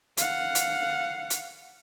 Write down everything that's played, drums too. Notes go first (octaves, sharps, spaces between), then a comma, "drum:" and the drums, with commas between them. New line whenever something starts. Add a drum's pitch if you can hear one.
F5 F#5, drum: hi-hat
drum: hi-hat
drum: hi-hat